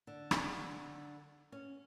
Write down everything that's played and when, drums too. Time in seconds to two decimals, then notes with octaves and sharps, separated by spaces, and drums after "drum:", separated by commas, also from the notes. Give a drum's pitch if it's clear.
0.07 D3
0.31 drum: rim click
1.52 C#4